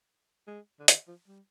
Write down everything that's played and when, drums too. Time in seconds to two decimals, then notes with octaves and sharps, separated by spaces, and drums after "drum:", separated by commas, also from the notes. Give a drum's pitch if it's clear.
0.47 G#3
0.79 D3
0.88 D#3, drum: hi-hat
1.08 F3
1.28 G3